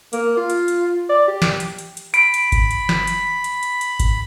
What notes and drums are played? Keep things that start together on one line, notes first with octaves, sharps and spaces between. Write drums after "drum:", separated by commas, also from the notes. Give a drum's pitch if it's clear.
A#3, drum: hi-hat
F4
drum: hi-hat
drum: hi-hat
D5
G4
drum: snare
drum: hi-hat
drum: hi-hat
drum: hi-hat
B5 D7, drum: hi-hat
drum: hi-hat
drum: kick G#1, hi-hat
drum: hi-hat
drum: snare
drum: hi-hat
drum: hi-hat
drum: hi-hat
drum: hi-hat
drum: kick G#1, hi-hat